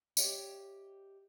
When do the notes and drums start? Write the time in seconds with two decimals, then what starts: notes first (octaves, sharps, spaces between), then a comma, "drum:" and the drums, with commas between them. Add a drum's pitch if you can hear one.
0.17 G4 C#5 D#5 E5 G5, drum: tambourine